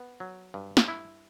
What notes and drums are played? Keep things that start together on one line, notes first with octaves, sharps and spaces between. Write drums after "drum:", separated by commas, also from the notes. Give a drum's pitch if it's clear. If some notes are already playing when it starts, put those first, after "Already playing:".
Already playing: B3
F#3
G2
drum: snare
E4